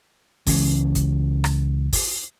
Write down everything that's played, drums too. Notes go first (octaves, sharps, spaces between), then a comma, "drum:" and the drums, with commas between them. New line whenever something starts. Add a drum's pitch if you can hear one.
C#2 E3 C#4, drum: kick, open hi-hat
drum: kick, hi-hat
drum: rim click
drum: kick, open hi-hat